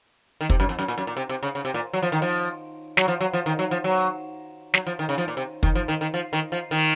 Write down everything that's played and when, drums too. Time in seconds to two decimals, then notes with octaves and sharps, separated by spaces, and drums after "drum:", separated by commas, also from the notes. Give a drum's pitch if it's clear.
0.41 D#3
0.50 C3, drum: kick
0.60 F#2
0.69 F2
0.79 F#2
0.88 A#2
0.98 F#2
1.07 A#2
1.17 C3
1.29 C3
1.43 C#3
1.55 C#3
1.65 C3
1.74 A#2
1.93 F#3
2.02 F3
2.12 D#3
2.22 F3
2.97 F#3, drum: snare
3.08 F3
3.21 F#3
3.33 F3
3.46 D#3
3.59 F#3
3.71 F3
3.84 F#3
4.74 F#3, drum: snare
4.87 F3
4.99 D#3
5.09 C#3
5.18 F3
5.28 A#2
5.37 C3
5.63 D#3, drum: kick
5.75 F3
5.88 D#3
6.01 D#3
6.14 F3
6.33 D#3
6.52 F3
6.71 D#3